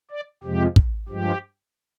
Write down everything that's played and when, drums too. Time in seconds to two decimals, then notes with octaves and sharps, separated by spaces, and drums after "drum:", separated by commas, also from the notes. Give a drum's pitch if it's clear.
0.11 D5
0.43 F2 C3 F3 G#3 G4
0.76 drum: kick
1.09 G2 F3 G#3 G4